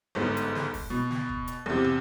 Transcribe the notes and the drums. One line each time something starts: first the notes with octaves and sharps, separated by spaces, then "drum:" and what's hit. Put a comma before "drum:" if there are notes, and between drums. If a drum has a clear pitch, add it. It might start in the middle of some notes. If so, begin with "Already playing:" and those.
G1 G#2 B3
drum: hi-hat
drum: snare
drum: kick, open hi-hat
B2
drum: snare
drum: kick
drum: hi-hat
E2 C3
drum: tom